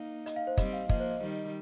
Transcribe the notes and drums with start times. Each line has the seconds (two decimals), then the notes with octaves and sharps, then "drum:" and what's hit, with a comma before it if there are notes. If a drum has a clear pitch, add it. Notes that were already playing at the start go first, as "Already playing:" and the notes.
Already playing: A#3 D#4 F5
0.26 D#5, drum: hi-hat
0.36 F5
0.47 C5
0.58 G3 C4 D#5, drum: kick, hi-hat
0.73 F5
0.89 F3 A#3 D#5, drum: kick
1.00 C5
1.11 D#5
1.21 D#3 G3